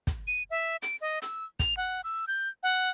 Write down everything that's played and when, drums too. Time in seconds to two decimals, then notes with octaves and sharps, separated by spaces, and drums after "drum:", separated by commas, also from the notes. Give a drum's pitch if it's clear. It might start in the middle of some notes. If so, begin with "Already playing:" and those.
0.07 drum: kick, hi-hat
0.27 D#7
0.50 E5
0.82 D7, drum: hi-hat
1.01 D#5
1.22 E6, drum: hi-hat
1.59 F7, drum: kick, hi-hat
1.77 F#5
2.04 E6
2.28 G6
2.63 F#5